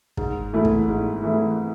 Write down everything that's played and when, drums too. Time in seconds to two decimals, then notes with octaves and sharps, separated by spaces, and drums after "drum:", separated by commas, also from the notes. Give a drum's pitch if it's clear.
0.17 G#2, drum: kick
0.53 E3 A3 E4
0.65 drum: kick
0.89 G#2
1.23 E3 A3 E4